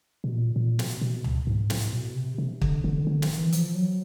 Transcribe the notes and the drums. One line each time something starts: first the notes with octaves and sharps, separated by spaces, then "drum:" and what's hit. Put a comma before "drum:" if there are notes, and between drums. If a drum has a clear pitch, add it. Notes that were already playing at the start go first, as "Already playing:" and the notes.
B2
A#2
A#2
B2, drum: snare
B2
drum: tom C#2
G#2
A2, drum: snare
B2
C3
C3
D3, drum: kick
D3
D#3
D3
D#3, drum: snare
E3
F3, drum: hi-hat
F#3